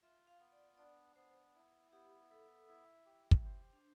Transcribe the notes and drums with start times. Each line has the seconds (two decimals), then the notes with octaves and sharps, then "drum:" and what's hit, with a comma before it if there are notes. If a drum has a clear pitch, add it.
0.02 F4 E5
0.27 F5
0.40 B3
0.52 D5
0.78 D4 D5
1.16 B3 C5
1.55 E4
1.92 B3 G4
2.30 A4 E5
2.69 E4
3.06 G4
3.31 drum: kick
3.45 C5
3.73 D4